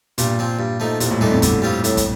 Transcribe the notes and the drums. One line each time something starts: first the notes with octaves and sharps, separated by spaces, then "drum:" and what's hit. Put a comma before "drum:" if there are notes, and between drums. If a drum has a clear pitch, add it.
G2 A#2, drum: hi-hat
F3 C4
G2
F3 A3 D#4
C2 A#2, drum: hi-hat
A2
G2 A#2 A3 D#4 A4
F2
G2 D3, drum: kick, hi-hat
G3 C4 F4
A2, drum: hi-hat
drum: kick, hi-hat